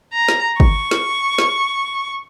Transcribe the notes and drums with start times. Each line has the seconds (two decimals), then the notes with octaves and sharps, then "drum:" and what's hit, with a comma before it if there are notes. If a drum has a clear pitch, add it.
0.13 A#5
0.29 drum: snare
0.60 C#6, drum: kick
0.91 drum: snare
1.38 drum: snare